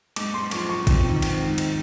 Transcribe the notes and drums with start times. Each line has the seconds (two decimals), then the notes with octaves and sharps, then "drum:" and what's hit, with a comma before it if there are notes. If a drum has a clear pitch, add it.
0.16 G#3 D6, drum: cymbal
0.34 G#3 C6
0.51 F3 C#6, drum: cymbal
0.69 F3 C#6
0.87 C4, drum: kick, cymbal
1.05 D#3
1.22 C4, drum: cymbal
1.41 G#2
1.58 drum: cymbal